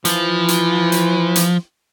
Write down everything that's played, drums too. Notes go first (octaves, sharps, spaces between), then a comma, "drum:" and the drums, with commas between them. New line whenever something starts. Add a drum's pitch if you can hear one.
E3 F3, drum: hi-hat
drum: hi-hat
drum: hi-hat
drum: hi-hat